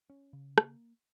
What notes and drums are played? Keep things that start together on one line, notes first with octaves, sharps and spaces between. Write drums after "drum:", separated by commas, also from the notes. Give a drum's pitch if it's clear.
C#4
C#3
A#3, drum: rim click